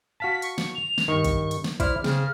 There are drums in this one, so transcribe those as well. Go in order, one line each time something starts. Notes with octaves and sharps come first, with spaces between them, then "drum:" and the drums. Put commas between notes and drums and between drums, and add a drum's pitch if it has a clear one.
F#4 F5 A5 B6
C#6, drum: hi-hat
drum: snare
F7
drum: snare
G2 D#3 C#6
drum: kick, hi-hat
drum: hi-hat
drum: snare
E4 C5 D5 F6, drum: kick, hi-hat
C#3 C4 F6, drum: snare